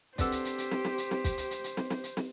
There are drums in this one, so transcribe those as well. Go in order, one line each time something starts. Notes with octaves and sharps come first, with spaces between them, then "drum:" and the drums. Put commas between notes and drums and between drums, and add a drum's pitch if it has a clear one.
C4 D4 G4 A4 B4 C5 F#5, drum: kick, hi-hat
drum: hi-hat
drum: hi-hat
drum: hi-hat
drum: snare
drum: snare
drum: hi-hat
drum: snare
drum: kick, hi-hat
drum: hi-hat
drum: hi-hat
drum: hi-hat
drum: snare
drum: snare
drum: hi-hat
drum: snare